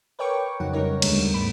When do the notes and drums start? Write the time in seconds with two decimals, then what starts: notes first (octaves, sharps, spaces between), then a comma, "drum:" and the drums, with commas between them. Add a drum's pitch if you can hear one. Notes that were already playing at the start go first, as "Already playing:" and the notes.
0.19 A#4 B4 C#5 G5 C#6 D6
0.60 F2 C#3 F#3 D#4 F#5
0.73 C#3 G3 D#4 A#4 C#5
1.02 D#2 D3 G#3 A3 B3 E7, drum: cymbal
1.15 G3
1.34 G#2 A3 B5 D7